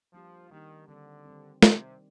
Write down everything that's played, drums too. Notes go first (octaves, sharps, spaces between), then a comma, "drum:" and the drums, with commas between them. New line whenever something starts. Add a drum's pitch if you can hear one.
F3 G3 A#3 D4 G4
D#3 G3 A#3 D4 G4
D3 D#3 G3 C4
D#3 G3 C4
C3 D#3 G3 C4, drum: snare